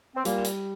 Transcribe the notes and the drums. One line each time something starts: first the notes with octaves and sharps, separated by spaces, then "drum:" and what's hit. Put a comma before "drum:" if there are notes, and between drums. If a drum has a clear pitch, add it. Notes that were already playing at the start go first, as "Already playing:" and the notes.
C4
A#2 G3 A#3, drum: hi-hat
drum: hi-hat